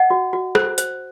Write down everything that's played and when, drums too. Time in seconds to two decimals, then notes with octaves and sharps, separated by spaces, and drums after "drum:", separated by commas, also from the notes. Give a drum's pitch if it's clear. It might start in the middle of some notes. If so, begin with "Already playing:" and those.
Already playing: D#5 F#5
0.10 F#4
0.33 F#4
0.55 C5, drum: rim click
0.78 C5, drum: hi-hat